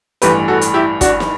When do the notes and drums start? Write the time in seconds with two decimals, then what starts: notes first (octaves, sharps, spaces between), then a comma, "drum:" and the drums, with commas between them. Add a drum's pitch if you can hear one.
0.22 A1 G2 E3 A3 G4 B4, drum: hi-hat
0.48 F#4 A4
0.61 drum: hi-hat
0.74 E4 G4
1.01 D4 F#4, drum: kick, hi-hat
1.20 drum: snare